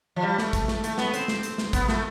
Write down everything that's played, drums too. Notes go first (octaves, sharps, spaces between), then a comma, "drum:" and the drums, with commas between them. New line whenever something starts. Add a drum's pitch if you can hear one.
F3
G3
A3, drum: snare
drum: kick, hi-hat
drum: snare
A3, drum: hi-hat
B3, drum: snare
C4, drum: hi-hat
drum: snare
drum: hi-hat
drum: snare
B3, drum: kick, hi-hat
A3, drum: snare